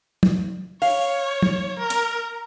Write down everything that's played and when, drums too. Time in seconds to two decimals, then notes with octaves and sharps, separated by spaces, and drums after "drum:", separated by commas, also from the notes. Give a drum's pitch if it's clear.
0.23 drum: tom
0.82 C#5 F5, drum: open hi-hat
1.42 drum: tom
1.79 A#4
1.90 drum: hi-hat